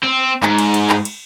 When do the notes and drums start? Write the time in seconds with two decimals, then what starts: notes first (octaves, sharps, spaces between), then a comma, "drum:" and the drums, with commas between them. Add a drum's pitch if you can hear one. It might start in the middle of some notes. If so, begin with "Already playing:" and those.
0.03 C4
0.43 G#2, drum: clap
0.58 drum: cymbal
0.74 drum: cymbal
0.90 drum: clap
1.05 drum: cymbal